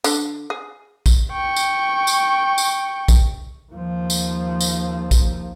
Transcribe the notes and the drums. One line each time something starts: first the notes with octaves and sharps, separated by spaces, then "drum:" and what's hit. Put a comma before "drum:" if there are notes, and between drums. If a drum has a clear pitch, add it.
D3, drum: tambourine
G#4
drum: kick A#1, tambourine
G5 C#6
drum: tambourine
drum: tambourine
drum: tambourine
drum: kick A#1, tambourine
D#2 F3
drum: tambourine
drum: tambourine
drum: kick A#1, tambourine